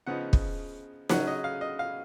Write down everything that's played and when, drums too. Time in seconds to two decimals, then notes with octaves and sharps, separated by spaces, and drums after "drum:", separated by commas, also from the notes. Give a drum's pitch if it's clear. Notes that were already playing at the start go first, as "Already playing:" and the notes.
0.07 C#3 F3 B3 D#4 F#5
0.33 drum: kick
1.10 C#3 F#3 C#4 F#5, drum: snare
1.27 D#5
1.44 F5
1.61 D#5
1.79 F5